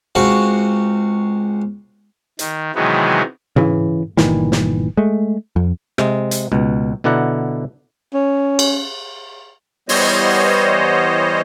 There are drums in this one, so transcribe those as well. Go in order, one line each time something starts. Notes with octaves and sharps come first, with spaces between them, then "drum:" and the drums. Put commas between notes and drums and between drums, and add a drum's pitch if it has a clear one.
C#2 C4 F#4 F#5 C#6
D#3, drum: hi-hat
C3 D#3 E3 F#3 G#3 B3
C#3 E3, drum: tom G#2
G1 A#2 D#3 E3, drum: snare
drum: snare
G#3 A3
F2
C3 G#3, drum: rim click
drum: hi-hat
C#2 B2
B2 D3 E4 D5 F#5 A#5
C#4
drum: cymbal
E3 G3 B3 C5 C#5 D#5, drum: open hi-hat